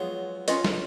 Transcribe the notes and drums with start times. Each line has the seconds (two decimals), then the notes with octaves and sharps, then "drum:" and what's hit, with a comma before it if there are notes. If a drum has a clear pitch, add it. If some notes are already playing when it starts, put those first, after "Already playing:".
Already playing: F3 F#3 G#3 B3 F4 G#4
0.48 C#4 F4 B4 D#5, drum: hi-hat
0.65 drum: snare